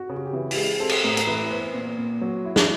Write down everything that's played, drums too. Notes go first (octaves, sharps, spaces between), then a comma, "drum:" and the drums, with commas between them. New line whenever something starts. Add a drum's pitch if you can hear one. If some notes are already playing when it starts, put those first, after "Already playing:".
Already playing: F#4
C#3
F#4
G4
E3
G4, drum: open hi-hat
G#3 G#4
C4 A4
drum: cymbal
A2 A#4
A#4, drum: hi-hat
E3 B4
B3 C5
A#2
A#2
F#3
E4
drum: snare